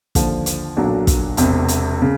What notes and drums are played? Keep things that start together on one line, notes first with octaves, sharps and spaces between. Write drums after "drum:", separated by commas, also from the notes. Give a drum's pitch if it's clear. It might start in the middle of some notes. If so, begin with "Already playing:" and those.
D#2 D3 F3, drum: kick, hi-hat
drum: hi-hat
B1 A#2 F#3 A#3 D4
drum: kick, hi-hat
E1 E2 C3, drum: hi-hat
drum: hi-hat
C#3